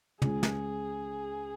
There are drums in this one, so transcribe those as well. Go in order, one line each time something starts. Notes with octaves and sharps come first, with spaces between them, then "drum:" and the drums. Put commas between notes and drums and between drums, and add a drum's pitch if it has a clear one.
C#2 C#3 G#3 C#4 G#4, drum: tom
drum: snare